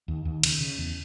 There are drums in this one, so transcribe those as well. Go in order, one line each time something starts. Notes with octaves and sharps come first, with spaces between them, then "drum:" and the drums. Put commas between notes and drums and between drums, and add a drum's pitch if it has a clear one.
D#2
D#2
C#3, drum: cymbal
C#3
E2